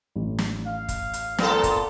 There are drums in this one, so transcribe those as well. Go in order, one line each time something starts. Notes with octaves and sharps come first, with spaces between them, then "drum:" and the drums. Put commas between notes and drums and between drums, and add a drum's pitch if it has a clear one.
A1
drum: snare
F5
drum: kick, hi-hat
drum: hi-hat
A#2 B3 A4, drum: snare
drum: kick, hi-hat